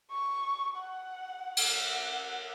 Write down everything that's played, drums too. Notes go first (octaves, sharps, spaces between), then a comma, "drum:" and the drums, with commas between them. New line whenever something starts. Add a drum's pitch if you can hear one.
C#6
F#5
drum: cymbal
F#5